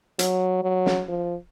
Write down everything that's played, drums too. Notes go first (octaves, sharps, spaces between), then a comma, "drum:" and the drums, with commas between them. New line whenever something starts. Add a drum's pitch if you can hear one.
F#3, drum: hi-hat
F#3
drum: snare
F3